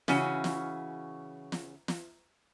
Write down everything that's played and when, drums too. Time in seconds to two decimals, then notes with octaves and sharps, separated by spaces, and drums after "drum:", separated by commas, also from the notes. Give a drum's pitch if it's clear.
0.08 C#3 E3 C#4 F#4, drum: snare
0.44 drum: snare
1.52 drum: snare
1.88 drum: snare